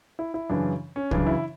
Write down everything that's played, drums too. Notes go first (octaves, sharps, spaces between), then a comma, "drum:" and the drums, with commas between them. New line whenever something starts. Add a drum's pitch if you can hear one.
E4
E4
F#2 C#3 E3 D4
C#4
F#2 C#3 E3 D4, drum: kick
E4